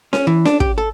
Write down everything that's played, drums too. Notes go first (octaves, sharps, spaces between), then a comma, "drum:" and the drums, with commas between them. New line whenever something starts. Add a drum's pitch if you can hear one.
C#4, drum: snare C#4
E3
D4, drum: snare C#4
G4, drum: kick
A4